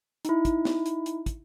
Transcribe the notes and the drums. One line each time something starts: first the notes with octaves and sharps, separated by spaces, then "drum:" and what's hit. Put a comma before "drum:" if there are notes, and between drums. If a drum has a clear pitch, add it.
D#4 E4, drum: hi-hat
drum: kick, hi-hat
drum: snare
drum: hi-hat
drum: hi-hat
drum: kick, hi-hat